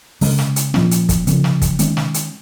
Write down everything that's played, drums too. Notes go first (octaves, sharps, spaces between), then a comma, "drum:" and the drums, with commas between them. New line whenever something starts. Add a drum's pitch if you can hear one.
C#3 G#3 C#4, drum: open hi-hat
drum: snare
drum: hi-hat
A#2 F3 C#4, drum: snare
drum: hi-hat
drum: kick, hi-hat
C#3 F3 C#4, drum: hi-hat
drum: snare
drum: kick, hi-hat
D#3 G#3 C#4, drum: hi-hat
drum: snare
drum: hi-hat